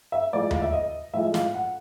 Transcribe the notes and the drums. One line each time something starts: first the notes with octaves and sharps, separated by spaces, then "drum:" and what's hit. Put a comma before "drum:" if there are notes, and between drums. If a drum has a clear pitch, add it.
E5
A2 F3 G#3 D5
F5, drum: tom D#2
E5
D#5
A2 F3 G#3 E5
F5, drum: snare
F#5